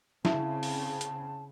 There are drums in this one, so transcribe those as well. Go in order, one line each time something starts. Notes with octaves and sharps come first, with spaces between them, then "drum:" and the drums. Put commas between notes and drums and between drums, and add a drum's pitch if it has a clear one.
C#3 C4 E4 A5, drum: snare
drum: open hi-hat
drum: hi-hat